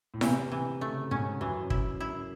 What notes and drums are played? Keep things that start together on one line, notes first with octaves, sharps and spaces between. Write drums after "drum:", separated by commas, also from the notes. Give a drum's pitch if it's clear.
A2
C3 E3, drum: snare E4
C3 E3
C#3 A3
G#2 C#4
F#2 E3
E4, drum: kick
E4